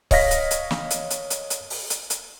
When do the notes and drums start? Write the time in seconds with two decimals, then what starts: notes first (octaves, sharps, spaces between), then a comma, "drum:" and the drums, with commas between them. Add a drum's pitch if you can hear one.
0.11 C#5 D#5 F5 A#6 B6, drum: kick C#1, open hi-hat
0.31 drum: hi-hat
0.51 drum: hi-hat
0.71 drum: snare
0.90 drum: hi-hat
1.10 drum: hi-hat
1.30 drum: hi-hat
1.50 drum: hi-hat
1.70 drum: open hi-hat
1.90 drum: hi-hat
2.10 drum: hi-hat